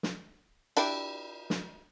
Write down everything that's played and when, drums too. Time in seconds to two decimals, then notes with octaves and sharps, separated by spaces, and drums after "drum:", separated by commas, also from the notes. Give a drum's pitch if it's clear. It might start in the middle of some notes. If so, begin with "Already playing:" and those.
0.03 drum: snare
0.77 D4 E4 G4, drum: cymbal
1.50 drum: snare